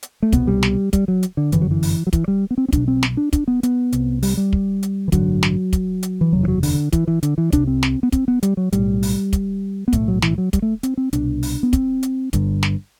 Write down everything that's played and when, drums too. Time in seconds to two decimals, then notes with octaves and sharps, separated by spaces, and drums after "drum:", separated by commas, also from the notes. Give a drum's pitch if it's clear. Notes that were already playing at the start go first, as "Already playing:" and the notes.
0.03 drum: hi-hat
0.23 A3
0.32 C2 B2 B3, drum: kick, hi-hat
0.47 G3
0.63 drum: snare
0.93 G3, drum: kick, hi-hat
1.08 F#3
1.23 drum: hi-hat
1.37 D3
1.52 G1 F#2 D3 E3, drum: hi-hat
1.62 F#3
1.71 E3
1.83 drum: open hi-hat
2.07 F#3
2.13 E3, drum: kick, hi-hat
2.28 G3
2.51 B3
2.58 C4
2.68 C4
2.72 B1 B2 D4, drum: kick, hi-hat
2.88 C4
3.03 drum: snare
3.17 D4
3.33 D4, drum: kick, hi-hat
3.48 B3
3.63 B3, drum: hi-hat
3.92 C2 C3, drum: hi-hat
4.23 G3, drum: open hi-hat
4.37 G3
4.53 drum: kick
4.83 drum: hi-hat
5.08 E3
5.12 A1 G2 D3 F#3, drum: kick, hi-hat
5.43 drum: snare
5.73 drum: kick, hi-hat
6.03 drum: hi-hat
6.21 E3
6.33 F#1 E2 C3 F#3
6.43 E3
6.48 F#3
6.63 D3, drum: open hi-hat
6.92 E3, drum: kick, hi-hat
7.08 E3
7.23 D3, drum: hi-hat
7.38 E3
7.52 C2 C3 D4, drum: kick, hi-hat
7.67 C4
7.83 drum: snare
8.03 B3
8.12 C4, drum: kick, hi-hat
8.28 B3
8.43 G3, drum: hi-hat
8.57 F#3
8.72 B1 A2 G3, drum: hi-hat
9.03 drum: open hi-hat
9.33 drum: kick, hi-hat
9.88 B3
9.93 B1 A2 A3, drum: kick, hi-hat
10.08 F#3
10.22 E3, drum: snare
10.38 F#3
10.53 G3, drum: kick, hi-hat
10.62 A3
10.83 C4, drum: hi-hat
10.97 C4
11.13 C2 B2 D4, drum: hi-hat
11.43 drum: open hi-hat
11.63 B3
11.73 C4, drum: kick, hi-hat
12.03 drum: hi-hat
12.33 G1 G2 D3, drum: kick, hi-hat
12.63 drum: snare